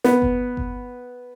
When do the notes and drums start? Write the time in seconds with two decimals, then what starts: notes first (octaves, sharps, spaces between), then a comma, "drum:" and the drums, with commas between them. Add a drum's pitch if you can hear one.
0.04 B3, drum: snare
0.22 drum: kick G1
0.57 drum: kick G1